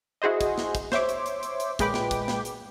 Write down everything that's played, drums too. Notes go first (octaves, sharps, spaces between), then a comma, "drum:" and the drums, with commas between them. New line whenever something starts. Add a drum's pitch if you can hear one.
E4 F#4 G#4 C5 D#5
drum: kick, hi-hat
drum: snare
drum: kick, hi-hat
C5 C#5 E5 D6, drum: snare
drum: hi-hat
drum: hi-hat
drum: hi-hat
drum: hi-hat
A#2 G#3 B4 G5 B5 D6, drum: kick, hi-hat
drum: snare
drum: kick, hi-hat
drum: snare
drum: hi-hat